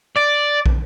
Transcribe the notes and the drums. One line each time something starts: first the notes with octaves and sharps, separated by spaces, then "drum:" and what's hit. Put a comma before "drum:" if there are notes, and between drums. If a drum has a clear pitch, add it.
D5
drum: kick